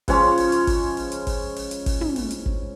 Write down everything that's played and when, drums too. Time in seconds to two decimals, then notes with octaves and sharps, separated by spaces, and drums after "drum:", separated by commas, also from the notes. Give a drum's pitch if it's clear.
0.08 C#3 F3 G#3 C#4, drum: kick G1, open hi-hat
0.38 drum: open hi-hat
0.52 drum: hi-hat
0.67 drum: kick G1, open hi-hat
0.97 drum: open hi-hat
1.12 drum: hi-hat
1.27 drum: kick G1, open hi-hat
1.56 drum: open hi-hat
1.71 drum: hi-hat
1.86 drum: kick G1, open hi-hat
2.01 drum: tom
2.16 drum: open hi-hat
2.31 drum: hi-hat
2.46 drum: kick G1